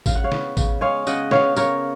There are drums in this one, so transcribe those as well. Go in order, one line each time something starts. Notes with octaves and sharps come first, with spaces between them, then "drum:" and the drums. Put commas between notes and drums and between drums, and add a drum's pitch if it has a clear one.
C#3 F5, drum: kick A1, tambourine
F#5
C#5 F5
B3, drum: snare
C#3, drum: kick A1, tambourine
G#3 C#5 F5
C#3 D#5 F#5, drum: tambourine
B3 C#5 F5, drum: snare
C#3 A#4 C#5, drum: tambourine